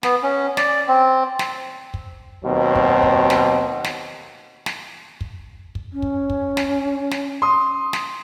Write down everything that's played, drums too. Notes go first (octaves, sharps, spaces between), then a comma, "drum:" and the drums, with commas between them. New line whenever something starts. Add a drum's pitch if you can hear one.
B3, drum: snare
C#4
D5, drum: snare
C4
drum: snare
drum: kick
D#2 B2 F#3 C4
drum: kick
drum: kick
drum: snare
drum: snare
drum: snare
drum: kick
drum: kick
C#4
drum: kick
drum: kick
drum: snare
drum: snare
C6 D#6
drum: snare